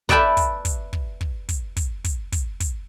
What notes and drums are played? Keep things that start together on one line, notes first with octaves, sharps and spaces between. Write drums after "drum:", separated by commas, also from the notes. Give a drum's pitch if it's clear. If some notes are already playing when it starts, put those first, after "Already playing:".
B4 D5 E5 G5 A5 B5, drum: kick
drum: kick, hi-hat
drum: kick, hi-hat
drum: kick
drum: kick
drum: kick, hi-hat
drum: kick, hi-hat
drum: kick, hi-hat
drum: kick, hi-hat
drum: kick, hi-hat